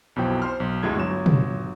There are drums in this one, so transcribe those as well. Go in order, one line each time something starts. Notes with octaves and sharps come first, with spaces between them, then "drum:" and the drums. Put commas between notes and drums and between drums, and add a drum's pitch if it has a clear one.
B1 F2 B2 E4 C5 G5
C5 C6 F6
B1
D2 G2 G#3 E4 G#6
G1 F#3 E7
drum: tom